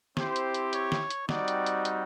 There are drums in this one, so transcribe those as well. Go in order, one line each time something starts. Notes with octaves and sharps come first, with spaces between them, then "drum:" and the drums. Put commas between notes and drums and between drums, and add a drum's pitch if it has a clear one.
C4 E4 G4 C5, drum: snare
drum: hi-hat
drum: hi-hat
C#5, drum: hi-hat
drum: snare
drum: hi-hat
G3 C4 D#4 F#4 D5, drum: snare
drum: hi-hat
drum: hi-hat
drum: hi-hat